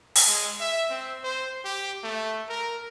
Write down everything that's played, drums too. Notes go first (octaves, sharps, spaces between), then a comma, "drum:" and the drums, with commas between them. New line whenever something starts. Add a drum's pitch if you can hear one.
drum: open hi-hat
G#3
E5
C4
C5
G4
A3
A#4